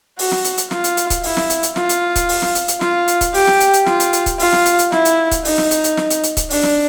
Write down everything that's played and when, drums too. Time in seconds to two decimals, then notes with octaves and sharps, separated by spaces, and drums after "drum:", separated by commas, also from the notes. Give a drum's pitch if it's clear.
0.19 F#4, drum: open hi-hat
0.31 drum: snare
0.45 drum: hi-hat
0.58 drum: hi-hat
0.71 F4, drum: snare
0.84 drum: hi-hat
0.97 drum: hi-hat
1.10 drum: kick C#1, hi-hat
1.23 E4, drum: open hi-hat
1.37 drum: snare
1.50 drum: hi-hat
1.63 drum: hi-hat
1.76 F4, drum: snare
1.89 drum: hi-hat
2.16 drum: kick C#1, hi-hat
2.29 drum: open hi-hat
2.42 drum: snare
2.55 drum: hi-hat
2.68 drum: hi-hat
2.81 F4, drum: snare
3.08 drum: hi-hat
3.21 drum: kick C#1, hi-hat
3.34 G4, drum: open hi-hat
3.47 drum: snare
3.60 drum: hi-hat
3.74 drum: hi-hat
3.86 F4, drum: snare
4.00 drum: hi-hat
4.13 drum: hi-hat
4.26 drum: kick C#1, hi-hat
4.39 F4, drum: open hi-hat
4.53 drum: snare
4.66 drum: hi-hat
4.79 drum: hi-hat
4.92 E4, drum: snare
5.05 drum: hi-hat
5.31 drum: kick C#1, hi-hat
5.45 D#4, drum: open hi-hat
5.58 drum: snare
5.71 drum: hi-hat
5.84 drum: hi-hat
5.97 drum: snare
6.10 drum: hi-hat
6.24 drum: hi-hat
6.37 drum: kick C#1, hi-hat
6.50 D4, drum: open hi-hat
6.63 drum: snare